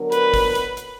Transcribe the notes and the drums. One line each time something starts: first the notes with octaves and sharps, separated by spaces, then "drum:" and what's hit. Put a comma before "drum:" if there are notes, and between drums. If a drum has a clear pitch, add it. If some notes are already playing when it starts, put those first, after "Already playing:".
Already playing: D3 F#3 B3 D4 A#4
B4, drum: hi-hat
drum: kick, open hi-hat
drum: hi-hat
drum: hi-hat